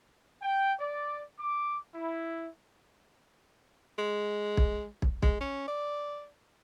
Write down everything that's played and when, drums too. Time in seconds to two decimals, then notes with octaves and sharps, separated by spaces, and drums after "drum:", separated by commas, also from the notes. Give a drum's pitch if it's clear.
0.42 G5
0.80 D5
1.39 D6
1.95 E4
3.98 G#3
4.57 drum: kick
5.02 drum: kick
5.23 G#3, drum: kick
5.40 C#4
5.68 D5